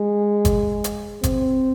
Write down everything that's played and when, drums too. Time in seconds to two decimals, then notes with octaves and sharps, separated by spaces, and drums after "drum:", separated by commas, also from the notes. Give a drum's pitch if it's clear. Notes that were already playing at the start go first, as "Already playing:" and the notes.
Already playing: G#3
0.45 drum: kick G1, hi-hat
0.84 drum: hi-hat
1.23 C4, drum: kick G1, hi-hat